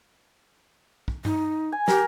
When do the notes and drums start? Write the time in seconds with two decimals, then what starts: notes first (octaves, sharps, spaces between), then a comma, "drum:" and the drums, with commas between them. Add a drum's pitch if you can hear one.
1.08 drum: kick
1.25 D#4, drum: tom G2
1.72 G#5
1.88 G4 A#4, drum: snare